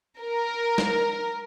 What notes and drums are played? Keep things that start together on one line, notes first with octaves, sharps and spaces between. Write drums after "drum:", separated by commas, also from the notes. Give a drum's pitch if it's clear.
A#4
drum: snare